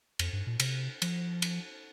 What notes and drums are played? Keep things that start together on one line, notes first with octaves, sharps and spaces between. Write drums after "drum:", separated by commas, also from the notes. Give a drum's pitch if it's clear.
F2, drum: cymbal
G2
A#2
C3, drum: cymbal
F3, drum: cymbal
drum: cymbal